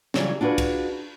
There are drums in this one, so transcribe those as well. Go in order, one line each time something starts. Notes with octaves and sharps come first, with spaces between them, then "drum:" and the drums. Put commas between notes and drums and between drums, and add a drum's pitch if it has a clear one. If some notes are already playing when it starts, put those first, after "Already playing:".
C#3 E3 F#3 G3 F4 G#4, drum: snare
D4 F4 F#4 G#4 B4
drum: kick, cymbal